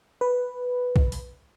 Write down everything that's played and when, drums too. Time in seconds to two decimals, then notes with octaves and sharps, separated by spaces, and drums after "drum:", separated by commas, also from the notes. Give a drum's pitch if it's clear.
0.21 B4
0.96 drum: kick B1
1.12 drum: open hi-hat